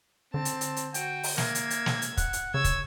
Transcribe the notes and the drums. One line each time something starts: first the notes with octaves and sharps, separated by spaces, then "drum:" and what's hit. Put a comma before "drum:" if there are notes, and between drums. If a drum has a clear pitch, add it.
D3 C4 A5
drum: hi-hat
drum: hi-hat
drum: hi-hat
F#4 G5, drum: hi-hat
drum: open hi-hat
A#3 E5 G#6, drum: snare
drum: hi-hat
drum: hi-hat
drum: snare
drum: hi-hat
F#5, drum: kick, hi-hat
drum: hi-hat
C#3 C#5 E6 G#6
drum: kick, hi-hat